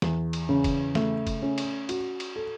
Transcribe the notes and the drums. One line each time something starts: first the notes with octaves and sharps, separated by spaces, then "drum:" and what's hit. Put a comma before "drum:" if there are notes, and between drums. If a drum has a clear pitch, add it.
E2, drum: snare
drum: cymbal
C#3
drum: kick F#1, cymbal
A3, drum: snare
drum: kick F#1, cymbal
C#4
drum: cymbal
F#4, drum: cymbal
drum: cymbal
A4